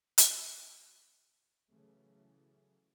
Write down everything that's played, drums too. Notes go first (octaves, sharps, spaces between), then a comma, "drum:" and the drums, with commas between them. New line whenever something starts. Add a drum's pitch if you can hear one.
drum: hi-hat
C#3 E3 F#3 A3